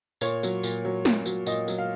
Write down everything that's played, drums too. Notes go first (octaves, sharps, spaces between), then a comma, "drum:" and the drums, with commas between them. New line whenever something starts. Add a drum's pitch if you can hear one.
A#2 C#5, drum: tambourine
F#3, drum: tambourine
A#2, drum: tambourine
F#3
A#2, drum: snare
F#3, drum: tambourine
A#2 D#5, drum: tambourine
F#3, drum: tambourine
F5